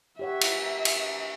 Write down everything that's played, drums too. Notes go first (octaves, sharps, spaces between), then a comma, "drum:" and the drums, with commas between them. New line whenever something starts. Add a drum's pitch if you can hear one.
G4 C#5 E5 F#5
drum: cymbal
drum: cymbal